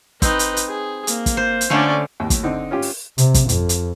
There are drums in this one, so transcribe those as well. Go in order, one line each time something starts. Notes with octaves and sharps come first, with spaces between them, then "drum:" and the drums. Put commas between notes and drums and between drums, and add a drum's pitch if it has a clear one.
C4 D#4 B4, drum: kick, hi-hat
drum: hi-hat
drum: hi-hat
G#4
A#3, drum: hi-hat
drum: kick, hi-hat
C5
drum: hi-hat
D3 A3 C#4 F4 D5
D#2 A2
drum: kick, hi-hat
D3 C4 D#4
C#4 F4 G4
drum: open hi-hat
C3, drum: hi-hat
drum: kick, hi-hat
F2, drum: hi-hat
drum: hi-hat